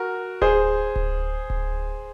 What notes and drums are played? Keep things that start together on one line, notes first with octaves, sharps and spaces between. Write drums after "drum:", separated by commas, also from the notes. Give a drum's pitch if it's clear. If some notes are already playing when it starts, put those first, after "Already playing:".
Already playing: F#4 A#4
G#4 C5, drum: kick D1
drum: kick D1
drum: kick D1